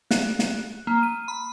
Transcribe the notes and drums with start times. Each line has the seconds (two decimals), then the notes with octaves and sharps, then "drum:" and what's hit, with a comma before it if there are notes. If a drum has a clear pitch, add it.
0.11 F#6, drum: snare
0.39 drum: snare
0.87 A#3
1.03 D#7
1.28 B5